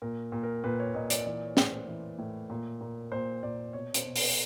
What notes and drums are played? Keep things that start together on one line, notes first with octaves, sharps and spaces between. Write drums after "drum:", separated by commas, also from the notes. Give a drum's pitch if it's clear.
A#2 A#4
A#2
A#4
A#2 B4
C#5
A#2 D#5
D5, drum: hi-hat
E3 D5
C#5
A2, drum: snare
C5
E3
A2
A#2
A#2
A#2 C5
A#2 D5
B2 C#5
C5, drum: hi-hat
B2
B4, drum: open hi-hat